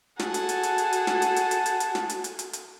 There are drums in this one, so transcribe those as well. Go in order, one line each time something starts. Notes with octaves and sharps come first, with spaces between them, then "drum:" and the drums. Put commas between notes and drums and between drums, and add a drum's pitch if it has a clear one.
F#4 G#4 A4 F#5 A5, drum: snare
drum: hi-hat
drum: hi-hat
drum: hi-hat
drum: hi-hat
drum: hi-hat
drum: snare
drum: hi-hat
drum: hi-hat
drum: hi-hat
drum: hi-hat
drum: hi-hat
drum: snare
drum: hi-hat
drum: hi-hat
drum: hi-hat
drum: hi-hat